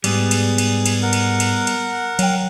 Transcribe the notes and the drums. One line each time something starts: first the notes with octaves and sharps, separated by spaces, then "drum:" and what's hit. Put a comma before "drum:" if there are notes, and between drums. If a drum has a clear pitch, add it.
G#2 G3 B3 G#4, drum: cymbal
drum: cymbal
drum: cymbal
drum: cymbal
A#4 F#5
drum: cymbal
drum: cymbal
drum: cymbal
F#3 G5, drum: cymbal